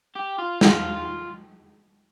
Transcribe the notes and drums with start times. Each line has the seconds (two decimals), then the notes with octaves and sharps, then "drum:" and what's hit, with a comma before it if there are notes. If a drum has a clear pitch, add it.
0.15 G4
0.39 F4
0.61 F4, drum: snare